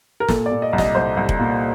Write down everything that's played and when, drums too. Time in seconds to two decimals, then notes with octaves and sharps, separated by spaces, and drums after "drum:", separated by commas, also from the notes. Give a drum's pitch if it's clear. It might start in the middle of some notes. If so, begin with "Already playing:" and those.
0.20 A#4
0.28 A#2 A4, drum: snare
0.46 D5
0.51 A#2
0.62 D#5
0.73 C2
0.78 D#5, drum: snare
0.95 C2 C5
1.17 C2
1.29 drum: kick F1
1.39 A#2